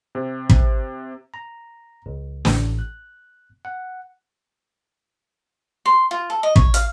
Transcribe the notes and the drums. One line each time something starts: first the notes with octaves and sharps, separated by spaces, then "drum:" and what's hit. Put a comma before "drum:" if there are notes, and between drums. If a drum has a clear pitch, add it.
C3
drum: kick
A#5
C#2
A1, drum: snare
F#6
F#5
C6
F4
A4
D#5
C#5, drum: kick
F5, drum: hi-hat